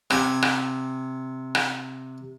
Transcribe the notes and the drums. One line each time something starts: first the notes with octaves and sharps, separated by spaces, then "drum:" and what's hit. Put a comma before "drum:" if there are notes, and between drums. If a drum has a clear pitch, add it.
C3 G#5, drum: rim click
drum: rim click
drum: rim click